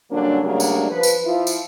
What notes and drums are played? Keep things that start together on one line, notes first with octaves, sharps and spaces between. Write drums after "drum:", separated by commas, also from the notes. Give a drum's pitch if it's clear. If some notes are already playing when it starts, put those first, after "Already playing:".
D3 F#3 G3 A#3 C#4 D4
C#3 F#3 G3 A3 A#3 D4
drum: tambourine
F3 B4
drum: tambourine
F3 E4 F4
drum: tambourine